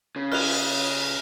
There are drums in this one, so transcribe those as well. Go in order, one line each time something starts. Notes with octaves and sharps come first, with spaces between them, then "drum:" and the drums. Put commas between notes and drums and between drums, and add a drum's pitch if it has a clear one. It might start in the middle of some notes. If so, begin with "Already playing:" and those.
C#3
F6 F#6 F7, drum: cymbal